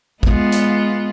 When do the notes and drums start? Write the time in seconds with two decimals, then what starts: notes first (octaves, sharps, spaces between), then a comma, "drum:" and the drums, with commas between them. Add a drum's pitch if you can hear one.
0.23 G#3 B3 F4, drum: kick
0.52 drum: hi-hat